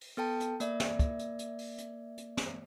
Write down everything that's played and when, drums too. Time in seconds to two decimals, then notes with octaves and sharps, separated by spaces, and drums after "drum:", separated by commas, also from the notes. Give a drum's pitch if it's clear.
0.01 drum: open hi-hat
0.17 B3 A4 G5 A5
0.40 drum: hi-hat
0.60 A#3 D5 E5, drum: hi-hat
0.80 drum: snare
0.99 drum: kick, hi-hat
1.19 drum: hi-hat
1.39 drum: hi-hat
1.59 drum: open hi-hat
1.78 drum: hi-hat
2.18 drum: hi-hat
2.37 drum: snare